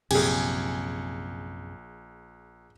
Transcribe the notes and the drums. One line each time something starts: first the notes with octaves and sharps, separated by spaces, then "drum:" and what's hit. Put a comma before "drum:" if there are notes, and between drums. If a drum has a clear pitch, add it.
A#1 F#2 C3 G4 G#4 G#5, drum: cymbal